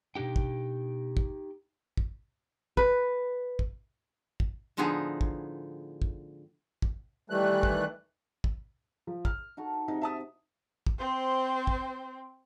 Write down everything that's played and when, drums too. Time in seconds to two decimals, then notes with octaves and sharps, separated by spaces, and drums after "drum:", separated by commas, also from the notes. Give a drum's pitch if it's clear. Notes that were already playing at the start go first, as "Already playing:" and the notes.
0.15 B2 D4 D#4 G4 G5
0.36 drum: kick
1.17 drum: kick
1.97 drum: kick
2.77 B4, drum: kick
3.59 drum: kick
4.40 drum: kick
4.77 A2 D3 F3 B3 D#4 G#4
5.21 drum: kick
6.02 drum: kick
6.82 drum: kick
7.30 D#3 E3 G3 A3 F#6
7.63 drum: kick
8.44 drum: kick
9.07 F3
9.25 F6, drum: kick
9.57 D#4 F#4 A4
9.88 C3 D#4
10.01 E5 A5 D#6
10.87 drum: kick
10.98 C4 C5
11.67 drum: kick